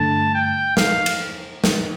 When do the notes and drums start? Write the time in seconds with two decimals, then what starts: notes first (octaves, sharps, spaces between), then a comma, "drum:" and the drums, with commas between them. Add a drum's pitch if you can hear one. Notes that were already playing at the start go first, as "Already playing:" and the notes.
Already playing: G2 D3 A3 A5
0.34 G5
0.77 F5, drum: snare
1.06 drum: cymbal
1.64 drum: snare